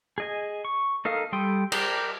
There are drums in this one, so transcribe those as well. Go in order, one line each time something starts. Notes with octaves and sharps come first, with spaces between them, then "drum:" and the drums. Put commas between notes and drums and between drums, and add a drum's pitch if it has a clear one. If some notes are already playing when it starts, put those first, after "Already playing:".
G#4 D#5 G#5
C#6
D#4 A4 A#4 F5 D#6
G3 A4 G5 C6 D#6
A#4 D5 G5, drum: cymbal